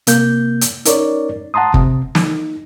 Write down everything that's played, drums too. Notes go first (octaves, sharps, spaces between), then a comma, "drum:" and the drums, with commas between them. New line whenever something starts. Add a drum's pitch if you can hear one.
C3 A#3 G6, drum: hi-hat
drum: hi-hat
C#4 D#4 A#4 C#5 D5, drum: hi-hat
F#5 A5 A#5 C6 D#6
C3, drum: kick
D#4, drum: snare